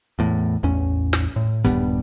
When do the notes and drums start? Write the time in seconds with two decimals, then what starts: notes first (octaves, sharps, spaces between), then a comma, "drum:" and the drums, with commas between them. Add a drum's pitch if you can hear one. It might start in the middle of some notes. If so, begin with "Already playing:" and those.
0.19 E2 A2
0.63 A1 E2 C#4
1.13 drum: snare
1.36 A2
1.64 D#1 G2 G3 B3, drum: kick, hi-hat